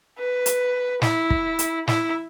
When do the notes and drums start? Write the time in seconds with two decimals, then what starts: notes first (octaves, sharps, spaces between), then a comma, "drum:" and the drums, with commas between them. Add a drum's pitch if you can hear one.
0.18 B4
0.46 drum: hi-hat
1.02 E4, drum: snare
1.30 drum: kick
1.59 drum: hi-hat
1.88 E4, drum: snare